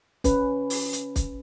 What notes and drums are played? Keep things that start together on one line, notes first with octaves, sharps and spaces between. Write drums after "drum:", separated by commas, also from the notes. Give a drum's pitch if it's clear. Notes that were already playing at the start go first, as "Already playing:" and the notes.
C#4 B4, drum: kick, hi-hat
drum: open hi-hat
drum: hi-hat
drum: kick, hi-hat